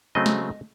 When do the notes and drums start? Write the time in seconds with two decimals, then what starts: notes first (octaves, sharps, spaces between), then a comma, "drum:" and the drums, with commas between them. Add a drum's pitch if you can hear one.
0.15 C#3 F#3 A3 C4 D#5
0.26 drum: snare